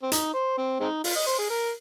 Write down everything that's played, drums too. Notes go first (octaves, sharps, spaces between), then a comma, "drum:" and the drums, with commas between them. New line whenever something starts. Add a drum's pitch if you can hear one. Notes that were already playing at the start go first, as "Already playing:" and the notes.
C4
D#4, drum: hi-hat
C5
C4
G#3 C4 D#4
F4, drum: open hi-hat
D#5
C5
G#4
A#4